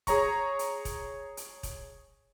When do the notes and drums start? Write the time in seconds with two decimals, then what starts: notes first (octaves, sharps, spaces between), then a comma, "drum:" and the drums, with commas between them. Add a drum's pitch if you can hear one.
0.07 G#4 C#5 A#5 C#6, drum: kick E1, hi-hat
0.59 drum: hi-hat
0.85 drum: kick E1, hi-hat
1.37 drum: hi-hat
1.63 drum: kick E1, hi-hat